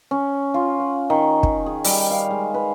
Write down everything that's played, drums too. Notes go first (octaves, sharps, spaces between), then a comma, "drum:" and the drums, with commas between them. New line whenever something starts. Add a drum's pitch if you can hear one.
C#4
F4
F#5
D#3
drum: kick
G#4
G3, drum: open hi-hat
F5
G#3
B4